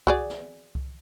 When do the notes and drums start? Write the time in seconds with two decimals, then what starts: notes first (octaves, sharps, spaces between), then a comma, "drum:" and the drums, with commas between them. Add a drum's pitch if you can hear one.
0.07 F#4 G#4 D5, drum: kick C2
0.30 drum: snare
0.75 drum: kick C2